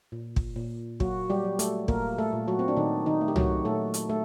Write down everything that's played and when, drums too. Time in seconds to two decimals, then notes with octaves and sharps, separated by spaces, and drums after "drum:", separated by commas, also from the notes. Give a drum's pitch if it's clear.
0.12 A#2
0.36 drum: kick
0.56 A#2
1.00 F#3 A#3 F#4, drum: kick
1.30 G3 G4
1.44 F#3
1.59 A3 A4, drum: hi-hat
1.88 A#2 A#3 A#4, drum: kick
2.18 A3 A4
2.33 A#2
2.48 F#3 F#4
2.59 C4
2.68 D4
2.77 A#2 D#3 D#4
3.06 D#3 D#4
3.21 A3
3.28 G4
3.36 F#3 F#4, drum: tom C2
3.65 A#2 A3 A4
3.94 drum: hi-hat
4.09 A3 A4